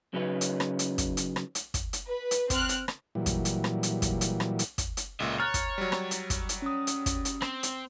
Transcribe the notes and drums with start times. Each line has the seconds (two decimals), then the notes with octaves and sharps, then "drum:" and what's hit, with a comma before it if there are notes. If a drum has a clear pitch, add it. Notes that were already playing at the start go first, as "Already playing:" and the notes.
0.14 C#3 F#3 C#4 D#4 B4
0.41 drum: hi-hat
0.60 drum: rim click
0.79 drum: hi-hat
0.98 drum: kick, hi-hat
1.17 drum: hi-hat
1.36 drum: rim click
1.55 drum: hi-hat
1.74 drum: kick, hi-hat
1.93 drum: hi-hat
2.06 B4
2.31 drum: hi-hat
2.50 C4 F6 F#6, drum: kick, hi-hat
2.69 drum: hi-hat
2.88 drum: rim click
3.15 A#2 E3 F#3 G3
3.26 drum: kick, hi-hat
3.45 drum: hi-hat
3.64 drum: rim click
3.83 drum: hi-hat
4.02 drum: kick, hi-hat
4.21 drum: hi-hat
4.40 drum: rim click
4.59 drum: hi-hat
4.78 drum: kick, hi-hat
4.97 drum: hi-hat
5.20 C#2 A#2 D#5 E5
5.40 C#5 A#5 F6 F#6 A6
5.54 drum: kick, hi-hat
5.78 F#3 G3
5.92 drum: rim click
6.11 drum: hi-hat
6.30 drum: kick, hi-hat
6.49 drum: hi-hat
6.62 C#4 D#6
6.87 drum: hi-hat
7.06 drum: kick, hi-hat
7.25 drum: hi-hat
7.42 C4, drum: rim click
7.63 drum: hi-hat